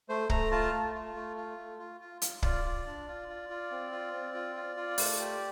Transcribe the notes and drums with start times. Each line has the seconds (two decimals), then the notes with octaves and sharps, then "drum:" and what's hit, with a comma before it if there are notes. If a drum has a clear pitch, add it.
0.09 A3 C5
0.30 A3 A#5, drum: kick
0.51 F4 A5
0.73 A3
0.94 F4
1.15 A3
1.37 F4
1.58 A3
1.79 F4
2.01 F4
2.22 F4, drum: hi-hat
2.42 F4 D5, drum: kick
2.65 F4
2.86 D4
3.07 F4
3.28 F4
3.50 F4
3.71 C4
3.92 F4
4.13 C4
4.34 F4
4.56 F4
4.77 F4
4.98 A3, drum: open hi-hat
5.19 G4